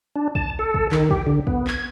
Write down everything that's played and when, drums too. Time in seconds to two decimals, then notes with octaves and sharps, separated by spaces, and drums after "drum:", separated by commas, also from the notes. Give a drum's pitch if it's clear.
0.16 D4
0.35 A5, drum: kick
0.59 A4
0.74 drum: kick
0.92 D#3, drum: clap
1.11 G4, drum: kick
1.27 D3
1.47 B3, drum: kick
1.67 G#6, drum: clap